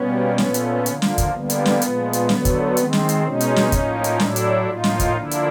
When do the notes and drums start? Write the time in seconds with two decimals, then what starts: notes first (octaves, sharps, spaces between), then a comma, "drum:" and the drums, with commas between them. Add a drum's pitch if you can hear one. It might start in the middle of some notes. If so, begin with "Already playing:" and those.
Already playing: B2 G3 A#3 B3 C#4
0.38 A#2 F3 A3, drum: snare
0.54 drum: hi-hat
0.86 D3 F3 A#3, drum: hi-hat
1.02 drum: snare
1.18 drum: kick, hi-hat
1.33 D3 G3 A#3 B3
1.50 drum: hi-hat
1.66 drum: snare
1.82 A#2 F3 G#3, drum: hi-hat
2.13 drum: hi-hat
2.29 D3 F#3 A3, drum: snare
2.45 drum: kick, hi-hat
2.77 D#3 G#3 C4, drum: hi-hat
2.93 drum: snare
3.09 drum: hi-hat
3.24 B2 G#3 C#4 D#4
3.40 drum: hi-hat
3.56 drum: snare
3.72 A2 F3 A#3, drum: kick, hi-hat
4.04 drum: hi-hat
4.20 A2 F#3 A3 D4 E4, drum: snare
4.36 drum: hi-hat
4.67 A2 F3 A#3 D#4 F4
4.84 drum: snare
5.00 drum: kick, hi-hat
5.15 D3 F3 A#3 D4 E4
5.31 drum: hi-hat